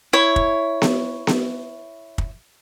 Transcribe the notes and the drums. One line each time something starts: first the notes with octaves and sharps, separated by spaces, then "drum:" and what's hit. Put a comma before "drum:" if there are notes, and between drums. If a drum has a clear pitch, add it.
E4 C#5
drum: kick
drum: snare B3
drum: snare B3
drum: kick